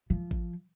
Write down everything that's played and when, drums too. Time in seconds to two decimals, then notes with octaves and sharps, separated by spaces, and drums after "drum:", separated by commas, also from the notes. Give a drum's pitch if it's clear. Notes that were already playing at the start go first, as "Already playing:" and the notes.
0.10 F3
0.31 drum: kick G#1